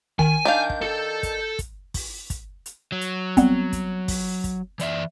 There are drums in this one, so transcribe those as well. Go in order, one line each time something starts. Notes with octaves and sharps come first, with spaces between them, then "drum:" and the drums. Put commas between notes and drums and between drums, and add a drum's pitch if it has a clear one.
D#3 G#5, drum: kick
D#3 D4 F5 G6
drum: kick
A4
drum: kick, hi-hat
drum: kick, hi-hat
drum: kick, open hi-hat
drum: kick, hi-hat
drum: hi-hat
F#3
drum: hi-hat
G3 B3 C4, drum: kick, hi-hat
drum: kick, hi-hat
drum: kick, open hi-hat
drum: kick, hi-hat
E3 D5 E5, drum: hi-hat